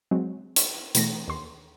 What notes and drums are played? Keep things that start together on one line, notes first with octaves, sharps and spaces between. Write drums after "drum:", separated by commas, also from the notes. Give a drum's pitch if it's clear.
F#3 G#3 C4
drum: hi-hat
B2 E3 A3 A#6, drum: hi-hat
D#2 C6